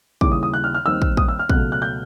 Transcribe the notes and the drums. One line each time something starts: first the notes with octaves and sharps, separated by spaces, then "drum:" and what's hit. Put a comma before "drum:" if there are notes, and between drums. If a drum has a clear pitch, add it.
D#2 C#3 E3 G3 D6, drum: kick
D#6
D#6
F#6
F6
F6
D#2 D#3 G3 C4 E6
drum: kick
D#6, drum: kick
E6
F6
C#2 B2 F#3 A3 F#6, drum: kick
F#6
G6